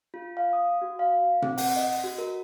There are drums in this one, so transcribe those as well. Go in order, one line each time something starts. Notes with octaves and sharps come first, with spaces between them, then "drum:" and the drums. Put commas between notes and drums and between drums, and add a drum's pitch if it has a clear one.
F4
F5
D#6
F#4
F5
C4, drum: tom A#2
F#5, drum: open hi-hat
D#5
F#4
A#4